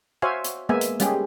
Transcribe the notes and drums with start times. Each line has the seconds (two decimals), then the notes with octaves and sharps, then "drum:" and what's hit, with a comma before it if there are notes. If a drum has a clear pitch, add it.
0.22 F#4 C5 C#5 E5 F5 G#5
0.44 drum: hi-hat
0.69 G#3 A#3 B3 E5 G#5
0.81 drum: hi-hat
1.00 G3 G#3 C#4 G4 G#4, drum: hi-hat